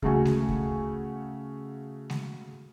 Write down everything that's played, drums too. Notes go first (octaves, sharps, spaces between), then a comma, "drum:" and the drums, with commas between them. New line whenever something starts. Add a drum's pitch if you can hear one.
C#3 A3 F#4 G#5, drum: kick D2
drum: snare G#3
drum: kick D2
drum: snare G#3